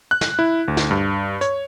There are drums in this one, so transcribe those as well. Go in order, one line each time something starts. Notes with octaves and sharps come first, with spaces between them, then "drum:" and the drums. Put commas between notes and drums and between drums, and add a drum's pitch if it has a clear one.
F#6
drum: snare
E4
D2
drum: snare
G2
C#5, drum: hi-hat